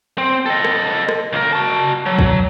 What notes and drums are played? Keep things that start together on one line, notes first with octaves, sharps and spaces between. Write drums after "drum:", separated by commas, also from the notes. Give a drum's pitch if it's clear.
C4
A4 D#5
drum: rim click
drum: rim click
C#2 A#4
F#4 A5
F#3
drum: kick